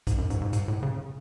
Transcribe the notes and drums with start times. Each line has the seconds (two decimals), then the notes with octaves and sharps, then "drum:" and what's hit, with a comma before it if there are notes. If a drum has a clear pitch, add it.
0.07 G#2, drum: kick A#1, hi-hat
0.18 F#2
0.30 G#2, drum: hi-hat
0.41 G#2
0.53 G#2, drum: hi-hat
0.68 A2
0.83 C#3